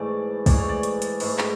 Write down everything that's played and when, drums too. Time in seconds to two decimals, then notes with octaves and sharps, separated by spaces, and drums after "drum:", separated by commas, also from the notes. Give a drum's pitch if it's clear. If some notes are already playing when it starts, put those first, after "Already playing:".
Already playing: G#2 E3 A3 D5
0.46 G#2 E3 A3 D5, drum: kick, open hi-hat
0.57 C#5
0.69 D5
0.83 drum: hi-hat
1.02 drum: hi-hat
1.20 G#2 E3 A3, drum: open hi-hat
1.39 drum: clap